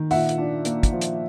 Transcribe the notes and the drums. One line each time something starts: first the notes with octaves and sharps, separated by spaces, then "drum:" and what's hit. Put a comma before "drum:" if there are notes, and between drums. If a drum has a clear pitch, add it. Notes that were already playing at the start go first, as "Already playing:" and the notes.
Already playing: D#3
A#2 E5 F#5, drum: open hi-hat
drum: hi-hat
D4
A#3, drum: hi-hat
drum: kick, hi-hat
F3
drum: hi-hat